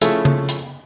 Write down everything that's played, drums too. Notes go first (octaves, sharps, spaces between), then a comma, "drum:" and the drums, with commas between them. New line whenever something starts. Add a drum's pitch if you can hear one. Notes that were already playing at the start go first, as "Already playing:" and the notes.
F3 A3 C#4 E4 G#4 A4, drum: hi-hat
drum: tom C#3
drum: hi-hat